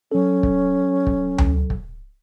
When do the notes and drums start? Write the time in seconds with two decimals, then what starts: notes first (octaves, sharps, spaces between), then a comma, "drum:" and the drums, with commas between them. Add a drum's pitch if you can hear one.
0.12 F#3 C#4 A4
0.43 drum: kick
1.07 drum: kick
1.38 drum: tom D2
1.70 drum: kick